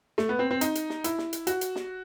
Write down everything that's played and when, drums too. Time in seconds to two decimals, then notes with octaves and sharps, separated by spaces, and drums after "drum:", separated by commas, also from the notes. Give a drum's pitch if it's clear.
0.18 A3, drum: snare
0.29 B3
0.39 C4
0.51 C4
0.61 D#4, drum: hi-hat
0.75 drum: hi-hat
0.90 drum: snare
1.04 E4, drum: hi-hat
1.18 drum: snare
1.33 drum: hi-hat
1.47 F#4, drum: hi-hat
1.61 drum: hi-hat
1.76 drum: snare